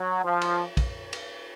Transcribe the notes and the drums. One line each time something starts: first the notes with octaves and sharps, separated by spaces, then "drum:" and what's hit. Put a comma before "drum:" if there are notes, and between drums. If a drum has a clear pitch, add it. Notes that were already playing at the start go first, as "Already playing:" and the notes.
Already playing: F#3
F3
drum: cymbal
drum: kick, cymbal
drum: cymbal